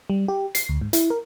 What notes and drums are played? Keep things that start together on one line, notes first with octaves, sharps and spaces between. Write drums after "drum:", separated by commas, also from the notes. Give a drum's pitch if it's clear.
G3
G4
C7, drum: hi-hat
D2
G#2
E4, drum: hi-hat
A#4